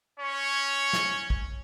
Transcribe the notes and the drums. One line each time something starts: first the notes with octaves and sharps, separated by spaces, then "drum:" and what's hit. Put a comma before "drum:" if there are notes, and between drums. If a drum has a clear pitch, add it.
C#4 C#5
drum: snare
drum: kick